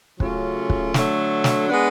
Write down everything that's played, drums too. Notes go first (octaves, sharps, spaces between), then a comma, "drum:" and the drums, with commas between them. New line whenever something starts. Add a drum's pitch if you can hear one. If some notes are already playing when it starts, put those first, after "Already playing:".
C#3 F#3 A3 C#4 F4, drum: kick
drum: kick
D3 F#3 A3, drum: snare
drum: snare
G#3 B3 D4